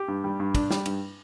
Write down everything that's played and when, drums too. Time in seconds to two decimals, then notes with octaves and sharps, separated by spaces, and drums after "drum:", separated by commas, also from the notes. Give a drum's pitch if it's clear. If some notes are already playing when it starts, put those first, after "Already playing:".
Already playing: G4
0.08 G2
0.24 G3
0.40 G2
0.55 D4, drum: kick, cymbal
0.71 G3, drum: snare
0.86 G2, drum: cymbal